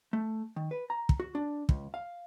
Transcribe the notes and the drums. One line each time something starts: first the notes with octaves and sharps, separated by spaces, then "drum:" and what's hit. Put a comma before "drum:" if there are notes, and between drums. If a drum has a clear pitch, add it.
A3
D#3
B4
A#5
drum: kick
F#4
D4
C#2, drum: kick
F5